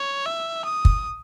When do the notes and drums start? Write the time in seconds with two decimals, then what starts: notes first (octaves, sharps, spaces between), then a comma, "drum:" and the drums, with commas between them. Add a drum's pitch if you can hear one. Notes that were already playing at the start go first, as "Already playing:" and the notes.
Already playing: C#5
0.26 E5
0.65 D#6
0.85 drum: kick